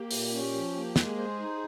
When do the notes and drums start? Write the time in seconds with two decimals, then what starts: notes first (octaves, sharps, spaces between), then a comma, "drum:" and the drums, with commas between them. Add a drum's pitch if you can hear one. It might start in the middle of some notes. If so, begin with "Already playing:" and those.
Already playing: A#3 G4
0.11 A#2, drum: open hi-hat
0.32 C#4
0.53 F3
0.75 A#3
0.96 G#3 G#4, drum: snare
1.17 C5
1.39 D#4